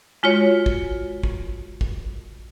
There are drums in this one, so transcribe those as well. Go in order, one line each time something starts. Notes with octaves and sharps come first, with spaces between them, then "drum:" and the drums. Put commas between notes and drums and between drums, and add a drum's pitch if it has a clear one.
G#3 F4 F#4 C#5
drum: kick
drum: kick
drum: kick